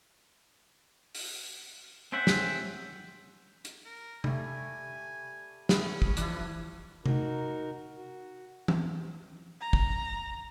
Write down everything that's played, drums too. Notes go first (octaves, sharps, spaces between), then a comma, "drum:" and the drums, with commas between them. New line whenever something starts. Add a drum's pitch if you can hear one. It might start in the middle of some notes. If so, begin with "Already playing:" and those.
drum: open hi-hat
C4 C#4 C5 E5 F#5
drum: snare
drum: hi-hat
A#4
G3 A3 G#5, drum: tom C3
G3 A3 B3 C#4, drum: snare
drum: kick
E3 F3 D4 E4, drum: hi-hat
D#4 F#4 A#4, drum: tom C3
F#4
drum: tom E3
A#5
drum: kick